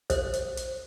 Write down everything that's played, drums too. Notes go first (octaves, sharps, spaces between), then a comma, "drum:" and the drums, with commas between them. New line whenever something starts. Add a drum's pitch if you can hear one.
C5, drum: kick, hi-hat
drum: hi-hat
drum: hi-hat